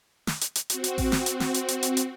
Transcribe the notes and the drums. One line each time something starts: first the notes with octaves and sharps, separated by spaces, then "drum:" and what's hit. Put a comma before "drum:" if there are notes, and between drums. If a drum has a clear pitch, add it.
drum: snare
drum: hi-hat
drum: hi-hat
C4 F#4, drum: hi-hat
drum: hi-hat
drum: kick A1, open hi-hat
drum: snare
drum: hi-hat
drum: snare
drum: hi-hat
drum: hi-hat
drum: hi-hat
drum: hi-hat